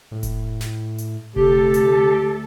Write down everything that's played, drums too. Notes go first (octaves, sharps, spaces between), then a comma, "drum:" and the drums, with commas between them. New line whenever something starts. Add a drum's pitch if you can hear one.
A2
drum: kick F1, hi-hat
drum: snare
drum: hi-hat
D2 C3 G4 A4, drum: kick F1
drum: hi-hat